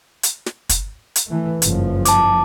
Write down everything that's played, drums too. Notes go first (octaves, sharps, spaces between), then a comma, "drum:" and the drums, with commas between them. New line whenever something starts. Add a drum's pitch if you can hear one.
drum: hi-hat
drum: snare
drum: kick, hi-hat
drum: hi-hat
E3 A3
F#1 G2 F3, drum: hi-hat
A5 D6, drum: hi-hat